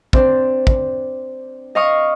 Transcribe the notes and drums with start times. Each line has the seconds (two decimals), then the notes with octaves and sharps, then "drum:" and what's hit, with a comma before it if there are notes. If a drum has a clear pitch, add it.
0.13 C4 D4, drum: kick
0.67 drum: kick
1.75 D#5 F5 C#6 D#6